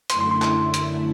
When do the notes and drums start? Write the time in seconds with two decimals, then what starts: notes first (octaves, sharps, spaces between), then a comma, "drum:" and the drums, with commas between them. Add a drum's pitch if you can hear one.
0.10 F#2 D3 A3 E4 C6, drum: hi-hat
0.21 C6
0.31 C6
0.42 drum: clap
0.74 drum: hi-hat